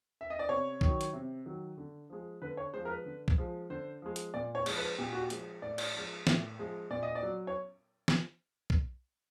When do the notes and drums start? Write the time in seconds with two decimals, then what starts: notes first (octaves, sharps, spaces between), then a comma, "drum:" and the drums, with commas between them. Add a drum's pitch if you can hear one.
0.21 E5
0.30 D#5
0.39 D5
0.49 C3 C#5
0.81 D#3 F#3, drum: kick
1.01 drum: hi-hat
1.13 C3
1.46 D#3 F#3
1.77 D3
2.10 F3 G#3
2.42 D3 B4
2.57 C#5
2.74 F3 G#3 C5
2.85 A#4
2.90 B4
3.05 D3
3.28 drum: kick
3.38 F3 G#3
3.70 D3 C5
4.02 F3 G#3
4.16 drum: hi-hat
4.34 A#2 D5
4.55 C#5
4.66 F3 G#3, drum: cymbal
4.76 B4
4.98 A#2 G4
5.13 F#4
5.20 G4
5.30 F3 G#3, drum: hi-hat
5.62 A2 D5
5.78 drum: cymbal
5.95 F3 G#3
6.27 A2, drum: snare
6.58 F3 G#3
6.91 A#2 D5
7.03 D#5
7.15 D5
7.23 F#3
7.47 C#5
8.08 drum: snare
8.70 drum: kick